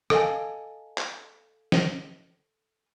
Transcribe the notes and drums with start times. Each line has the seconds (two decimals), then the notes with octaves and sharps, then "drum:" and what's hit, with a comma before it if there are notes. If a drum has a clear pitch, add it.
0.10 A4 D#5 F5 G#5, drum: rim click
0.98 drum: clap
1.72 drum: snare